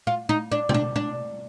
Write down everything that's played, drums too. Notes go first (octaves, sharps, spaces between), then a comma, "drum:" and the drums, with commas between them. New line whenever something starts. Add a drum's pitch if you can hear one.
F4
D#4
D4
C4, drum: tom B2
D4
D4